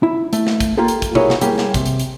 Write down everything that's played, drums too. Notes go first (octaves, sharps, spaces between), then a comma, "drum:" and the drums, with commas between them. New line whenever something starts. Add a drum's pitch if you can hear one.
E4
A3, drum: hi-hat
drum: snare
drum: kick, hi-hat
A#3 F4 G4 A4
drum: hi-hat
drum: kick, hi-hat
E4 F#4 G#4 A#4 C#5, drum: tom B2
drum: snare
G3 A#3 G4 G#4, drum: hi-hat
drum: snare
C3, drum: kick, hi-hat
drum: hi-hat
drum: hi-hat